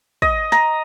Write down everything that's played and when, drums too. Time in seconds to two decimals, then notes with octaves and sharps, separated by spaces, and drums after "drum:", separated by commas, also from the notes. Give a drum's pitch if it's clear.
0.22 D#5, drum: kick
0.52 A#5, drum: snare